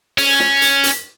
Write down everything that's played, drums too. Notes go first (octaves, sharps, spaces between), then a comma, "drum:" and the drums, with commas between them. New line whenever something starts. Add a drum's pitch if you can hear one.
C#4, drum: open hi-hat
drum: snare
drum: hi-hat
drum: hi-hat